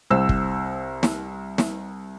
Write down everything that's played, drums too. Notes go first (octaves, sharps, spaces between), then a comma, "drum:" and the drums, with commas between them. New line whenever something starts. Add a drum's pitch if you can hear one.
C2 C5 E6
drum: kick
drum: snare
drum: snare